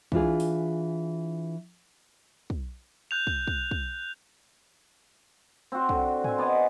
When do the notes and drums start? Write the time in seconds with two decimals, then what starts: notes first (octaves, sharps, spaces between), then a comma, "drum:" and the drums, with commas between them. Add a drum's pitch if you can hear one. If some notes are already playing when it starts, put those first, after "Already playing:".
0.12 E3 D4 F4 G#4, drum: kick
0.40 drum: open hi-hat
2.50 drum: kick
3.11 F#6 G6 F7
3.27 drum: kick
3.47 drum: kick
3.71 drum: kick
5.72 C4 F#4
5.89 D3, drum: kick
6.24 C4 G#5, drum: tom G#2
6.38 B3 D5 D#5 G#5